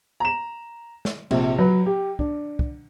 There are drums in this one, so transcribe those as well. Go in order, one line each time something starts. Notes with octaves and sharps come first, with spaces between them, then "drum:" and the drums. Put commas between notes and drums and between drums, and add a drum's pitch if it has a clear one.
A#5 E7
drum: snare
A#1 C3, drum: cymbal
F#3 B4
G4
D4, drum: kick
drum: kick